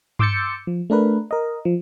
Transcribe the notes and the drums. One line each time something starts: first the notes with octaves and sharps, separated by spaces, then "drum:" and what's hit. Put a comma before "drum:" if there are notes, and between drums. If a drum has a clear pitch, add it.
C6 D6 E6 G6 A6 C#7, drum: tom G2
F3
A3 D4 A#4 B4
A#4 D#5
F3